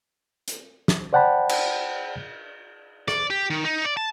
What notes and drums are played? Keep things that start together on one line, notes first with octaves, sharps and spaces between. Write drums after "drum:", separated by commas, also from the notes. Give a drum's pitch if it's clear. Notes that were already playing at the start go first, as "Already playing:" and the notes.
drum: hi-hat
drum: snare
C5 D5 F#5 G5 A5 B5
drum: cymbal
D5, drum: rim click
G4
D#3
D#4
D5
A5